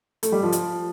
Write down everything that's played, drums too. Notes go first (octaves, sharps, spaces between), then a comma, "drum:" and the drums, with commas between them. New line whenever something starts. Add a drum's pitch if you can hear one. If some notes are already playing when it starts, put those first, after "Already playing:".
A3, drum: hi-hat
G3
F3
drum: hi-hat